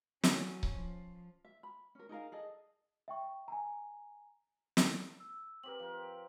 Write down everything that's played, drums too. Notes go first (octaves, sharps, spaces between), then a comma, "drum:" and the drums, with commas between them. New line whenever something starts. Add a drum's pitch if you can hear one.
F#3 C#4, drum: snare
drum: kick C#1
F3
E5
B5
C#4 A#4
D#4 G#4 A#4 F5
G#4 A4 D#5
E5 G5 C#6
G#5 A#5
drum: snare
E6
C4 G4 A#4 B4 F#7
F3 A#4